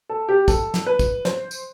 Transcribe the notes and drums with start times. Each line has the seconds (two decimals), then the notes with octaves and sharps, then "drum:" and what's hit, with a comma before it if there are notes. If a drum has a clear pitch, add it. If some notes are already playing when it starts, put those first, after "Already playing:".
0.09 A4
0.29 G4
0.48 A4, drum: kick, tambourine
0.74 drum: snare
0.86 B4
0.99 drum: kick, tambourine
1.25 C5, drum: snare
1.51 drum: tambourine